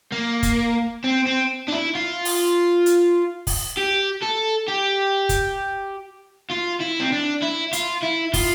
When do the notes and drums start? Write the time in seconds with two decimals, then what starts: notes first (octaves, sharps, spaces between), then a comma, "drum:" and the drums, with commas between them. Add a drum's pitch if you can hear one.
0.12 A#3
0.43 drum: kick, hi-hat
1.04 C4
1.26 C4
1.68 D4
1.72 E4
1.95 F4
2.25 drum: open hi-hat
2.86 drum: hi-hat
3.47 drum: kick, open hi-hat
3.77 G4
4.23 A4
4.68 G4
5.29 drum: kick, hi-hat
6.51 F4
6.81 E4
7.00 C4
7.12 D4
7.42 E4
7.73 F4, drum: hi-hat
8.03 E4
8.34 F4, drum: kick, open hi-hat